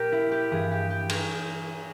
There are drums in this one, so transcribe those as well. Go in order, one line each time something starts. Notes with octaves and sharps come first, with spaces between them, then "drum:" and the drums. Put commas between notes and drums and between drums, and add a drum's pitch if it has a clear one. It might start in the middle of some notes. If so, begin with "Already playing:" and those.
Already playing: A#2 G4 A#4
E4
G4
G2 E3 G#4
G4
G4
G#4, drum: cymbal